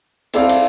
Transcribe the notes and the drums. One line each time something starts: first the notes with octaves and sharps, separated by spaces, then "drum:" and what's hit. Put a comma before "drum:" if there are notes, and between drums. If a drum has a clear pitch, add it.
C4 E4 A4 D5 F5, drum: cymbal
drum: cymbal